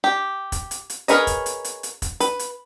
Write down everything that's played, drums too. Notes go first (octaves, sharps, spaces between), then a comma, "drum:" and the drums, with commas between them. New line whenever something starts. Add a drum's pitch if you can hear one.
G4
drum: kick, hi-hat
drum: hi-hat
drum: hi-hat
G#4 A#4 B4 C#5 D#5, drum: hi-hat
drum: kick, hi-hat
drum: hi-hat
drum: hi-hat
drum: hi-hat
drum: kick, hi-hat
B4, drum: hi-hat
drum: hi-hat